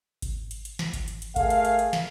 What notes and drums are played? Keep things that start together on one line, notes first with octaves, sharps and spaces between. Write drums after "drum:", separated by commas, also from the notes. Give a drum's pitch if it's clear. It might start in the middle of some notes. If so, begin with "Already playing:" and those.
drum: kick G#1, hi-hat
drum: hi-hat
drum: hi-hat
drum: snare
drum: kick G#1, hi-hat
drum: hi-hat
drum: hi-hat
A3 G#4 A#4 F5, drum: kick G#1, hi-hat
drum: hi-hat
drum: hi-hat
drum: hi-hat
drum: snare